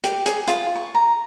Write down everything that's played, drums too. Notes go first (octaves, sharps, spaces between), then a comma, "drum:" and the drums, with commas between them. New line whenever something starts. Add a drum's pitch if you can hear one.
G4, drum: hi-hat
G#4, drum: hi-hat
F4, drum: hi-hat
C#6
A#5